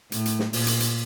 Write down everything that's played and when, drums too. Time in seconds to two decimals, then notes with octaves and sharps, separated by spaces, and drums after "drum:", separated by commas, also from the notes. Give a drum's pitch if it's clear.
0.12 A2, drum: hi-hat
0.25 drum: hi-hat
0.39 drum: snare
0.53 A#2, drum: open hi-hat
0.67 drum: hi-hat
0.80 drum: hi-hat